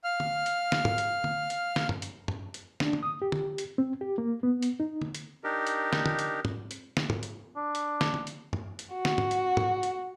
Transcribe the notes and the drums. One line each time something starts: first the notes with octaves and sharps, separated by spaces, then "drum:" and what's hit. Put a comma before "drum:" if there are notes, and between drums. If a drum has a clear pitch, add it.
F5 F6
drum: tom
drum: hi-hat
drum: snare
drum: tom
drum: hi-hat
drum: tom
drum: hi-hat
drum: snare
drum: tom G2
drum: hi-hat
drum: tom G2
drum: hi-hat
D4, drum: snare
drum: tom
D#6
G4
drum: tom
drum: hi-hat
C4
G4
A#3
B3
drum: hi-hat
D#4
drum: tom
drum: hi-hat
D4 D#4 G4 A#4
drum: hi-hat
drum: snare
drum: tom
drum: hi-hat
drum: tom
drum: hi-hat
drum: snare
drum: tom
drum: hi-hat
D4
drum: hi-hat
drum: snare
drum: tom
drum: hi-hat
drum: tom G2
drum: hi-hat
F#4
drum: snare
drum: tom
drum: hi-hat
drum: tom
drum: hi-hat